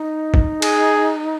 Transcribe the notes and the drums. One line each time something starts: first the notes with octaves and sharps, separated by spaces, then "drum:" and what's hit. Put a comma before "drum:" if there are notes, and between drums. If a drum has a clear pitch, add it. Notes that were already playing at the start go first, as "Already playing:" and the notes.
Already playing: D#4
drum: kick
G#4, drum: cymbal